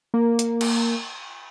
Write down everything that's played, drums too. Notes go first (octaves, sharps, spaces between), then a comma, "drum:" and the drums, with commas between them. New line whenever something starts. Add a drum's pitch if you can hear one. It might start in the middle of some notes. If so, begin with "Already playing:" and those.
A#3
drum: hi-hat
drum: cymbal